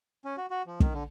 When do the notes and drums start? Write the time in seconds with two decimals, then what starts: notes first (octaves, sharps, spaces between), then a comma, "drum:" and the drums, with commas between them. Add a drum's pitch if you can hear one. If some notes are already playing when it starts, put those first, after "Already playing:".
0.25 C#4
0.37 F#4
0.50 F#4
0.66 F3
0.80 D#3, drum: kick
0.94 D3